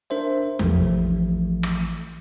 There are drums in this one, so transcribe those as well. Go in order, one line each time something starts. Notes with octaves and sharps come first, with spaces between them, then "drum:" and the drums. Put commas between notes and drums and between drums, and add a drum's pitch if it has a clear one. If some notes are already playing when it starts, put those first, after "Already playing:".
D4 A#4 C5 E5
A1 E3 F3 A3, drum: tom E2
drum: rim click